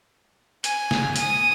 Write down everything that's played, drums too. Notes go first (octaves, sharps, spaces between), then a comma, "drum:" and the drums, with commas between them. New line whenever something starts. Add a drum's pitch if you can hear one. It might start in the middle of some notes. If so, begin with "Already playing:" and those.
G#5, drum: hi-hat
drum: snare
G#5 D#6, drum: hi-hat